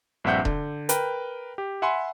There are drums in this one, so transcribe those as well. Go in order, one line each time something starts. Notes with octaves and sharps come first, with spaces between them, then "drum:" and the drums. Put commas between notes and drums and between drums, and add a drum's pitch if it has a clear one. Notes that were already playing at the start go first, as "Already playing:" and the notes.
A#1 G2 C4 E5 F#5 G6
D3, drum: kick E1
A#4 B4 G5, drum: hi-hat
G4
E5 F#5 G#5 B5 C6